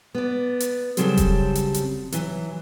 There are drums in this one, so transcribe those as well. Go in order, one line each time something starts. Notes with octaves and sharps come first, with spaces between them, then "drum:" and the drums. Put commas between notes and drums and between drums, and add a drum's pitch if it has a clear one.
B3 D5
drum: hi-hat
C#3 F#3 G3 C4 A4, drum: hi-hat
drum: kick E1, hi-hat
drum: hi-hat
drum: hi-hat
E3 F#3, drum: hi-hat